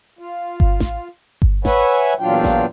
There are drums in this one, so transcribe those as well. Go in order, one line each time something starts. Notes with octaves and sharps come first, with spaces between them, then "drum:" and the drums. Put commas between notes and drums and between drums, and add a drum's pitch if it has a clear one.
F4
drum: kick G1
drum: snare A1
drum: kick G1
B4 C#5 E5 F#5 G#5, drum: snare A1
E2 A#2 F#3 D4 F4 G5
drum: snare A1